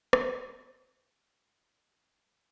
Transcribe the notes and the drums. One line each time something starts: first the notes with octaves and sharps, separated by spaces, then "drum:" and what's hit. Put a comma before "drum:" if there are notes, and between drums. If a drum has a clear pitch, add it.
drum: rim click
C#3 B4 C5 A#5 F6